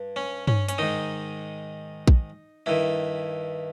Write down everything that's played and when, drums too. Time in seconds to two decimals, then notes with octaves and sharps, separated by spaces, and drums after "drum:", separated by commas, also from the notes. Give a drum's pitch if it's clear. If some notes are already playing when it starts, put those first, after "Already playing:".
Already playing: G2
0.16 C#4
0.48 C#4, drum: tom G2
0.69 C#4, drum: hi-hat
0.78 G#2 D#3 D#4
2.07 drum: kick A#1
2.66 G2 D#3 E4